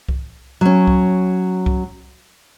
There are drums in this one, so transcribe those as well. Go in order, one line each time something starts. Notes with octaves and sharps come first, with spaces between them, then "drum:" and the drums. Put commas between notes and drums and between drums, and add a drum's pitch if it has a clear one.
drum: kick C2
F#3 C#4
drum: kick C2
drum: kick C2